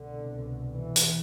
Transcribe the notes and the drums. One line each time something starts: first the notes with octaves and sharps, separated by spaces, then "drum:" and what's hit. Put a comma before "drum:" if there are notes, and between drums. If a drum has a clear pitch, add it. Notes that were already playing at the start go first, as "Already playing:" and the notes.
Already playing: C2 B2 D3
E3
drum: hi-hat